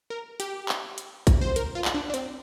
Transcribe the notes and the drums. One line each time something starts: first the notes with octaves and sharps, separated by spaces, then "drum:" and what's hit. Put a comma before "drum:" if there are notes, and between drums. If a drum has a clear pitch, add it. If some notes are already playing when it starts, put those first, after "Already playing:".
A#4
G4, drum: hi-hat
drum: clap
drum: hi-hat
drum: kick, hi-hat
C5
A#4, drum: hi-hat
F4
drum: clap
D4
D4
C4, drum: hi-hat